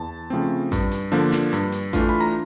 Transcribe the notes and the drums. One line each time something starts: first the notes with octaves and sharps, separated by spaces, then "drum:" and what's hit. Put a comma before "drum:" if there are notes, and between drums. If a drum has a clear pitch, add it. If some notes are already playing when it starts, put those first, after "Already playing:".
Already playing: E2 A5
C#3 F3 A3 C4
G2, drum: kick A1, hi-hat
drum: hi-hat
D3 F3 A#3 D4, drum: open hi-hat
drum: snare
G2, drum: hi-hat
drum: hi-hat
E3 A3 D4 F4, drum: kick A1, hi-hat
B5
A#5